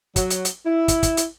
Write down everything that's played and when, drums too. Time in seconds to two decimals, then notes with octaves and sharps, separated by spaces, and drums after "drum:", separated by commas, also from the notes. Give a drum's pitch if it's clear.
0.16 F#3, drum: kick, hi-hat
0.30 drum: hi-hat
0.45 drum: hi-hat
0.66 E4
0.88 drum: kick, hi-hat
1.03 drum: kick, hi-hat
1.17 drum: hi-hat